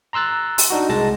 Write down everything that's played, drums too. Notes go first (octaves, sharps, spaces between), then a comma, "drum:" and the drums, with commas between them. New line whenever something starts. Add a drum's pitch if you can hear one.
A#5 C6 E6 F#6 A6
drum: open hi-hat
D4 D#4 F#4
C2 G#3 A5 A6 A#6